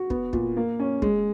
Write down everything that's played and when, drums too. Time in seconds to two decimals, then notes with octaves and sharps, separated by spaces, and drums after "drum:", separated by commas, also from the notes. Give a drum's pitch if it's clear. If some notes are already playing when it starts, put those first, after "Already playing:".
Already playing: F#4
0.10 B3, drum: kick
0.33 A#2, drum: kick
0.57 A#3
0.80 C#4
1.02 G#3, drum: kick